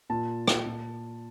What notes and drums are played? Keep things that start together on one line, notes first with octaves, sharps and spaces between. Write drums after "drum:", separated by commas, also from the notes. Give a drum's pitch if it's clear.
A#2 A5
drum: rim click
A#2